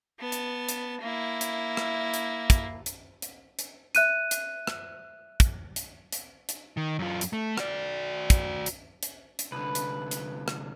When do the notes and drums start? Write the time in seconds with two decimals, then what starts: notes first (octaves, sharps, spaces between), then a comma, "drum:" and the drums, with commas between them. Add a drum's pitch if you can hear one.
0.19 B3 A5
0.32 drum: hi-hat
0.69 drum: hi-hat
1.01 A#3 E4
1.41 drum: hi-hat
1.77 drum: rim click
2.14 drum: hi-hat
2.50 drum: kick, hi-hat
2.86 drum: hi-hat
3.22 drum: hi-hat
3.59 drum: hi-hat
3.95 E5 F#6 D#7, drum: hi-hat
4.31 drum: hi-hat
4.67 drum: rim click
5.40 drum: kick, hi-hat
5.76 drum: hi-hat
6.12 drum: hi-hat
6.49 drum: hi-hat
6.77 D#3
6.99 F#2 F4
7.21 drum: hi-hat
7.33 A3
7.58 F#4 D5, drum: rim click
8.30 drum: kick, hi-hat
8.66 drum: hi-hat
9.03 drum: hi-hat
9.39 drum: hi-hat
9.52 C2 D3 B4
9.75 drum: hi-hat
10.11 drum: hi-hat
10.48 drum: rim click